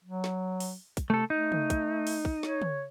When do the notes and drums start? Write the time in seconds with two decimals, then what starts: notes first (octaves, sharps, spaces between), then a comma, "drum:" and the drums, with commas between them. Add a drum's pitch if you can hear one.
0.05 F#3
0.24 drum: snare
0.60 drum: open hi-hat
0.97 drum: kick, hi-hat
1.10 C3 A3 A4
1.30 A3 D#4
1.52 drum: tom
1.70 drum: kick, hi-hat
2.07 drum: open hi-hat
2.25 drum: kick
2.43 C#5, drum: snare
2.62 drum: tom